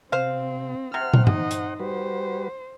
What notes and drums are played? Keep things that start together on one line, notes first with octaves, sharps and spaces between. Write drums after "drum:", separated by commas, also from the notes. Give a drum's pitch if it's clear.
C3 C4 C5 F5
C3 C5 F#5 F6
drum: tom
D#4 D#5, drum: tom G2
drum: hi-hat
G3 F#4 B4 C5